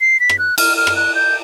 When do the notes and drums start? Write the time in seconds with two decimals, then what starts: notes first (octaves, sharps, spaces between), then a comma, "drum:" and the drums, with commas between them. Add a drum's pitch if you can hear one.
0.01 C7
0.20 B6
0.29 drum: rim click
0.39 F#6
0.58 F6, drum: cymbal
0.77 F6
0.87 drum: rim click
0.96 F#6
1.15 G6